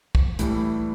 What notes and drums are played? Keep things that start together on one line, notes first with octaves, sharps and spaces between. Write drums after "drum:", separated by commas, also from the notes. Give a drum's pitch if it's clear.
drum: kick
A2 E3 G3, drum: hi-hat